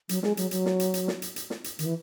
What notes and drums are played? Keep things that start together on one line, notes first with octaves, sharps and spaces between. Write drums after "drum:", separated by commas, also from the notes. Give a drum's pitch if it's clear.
F#3, drum: hi-hat
G#3, drum: snare
F#3, drum: hi-hat
F#3, drum: hi-hat
drum: snare
drum: hi-hat
drum: hi-hat
drum: snare
drum: hi-hat
drum: hi-hat
drum: snare
drum: hi-hat
D#3, drum: hi-hat
E3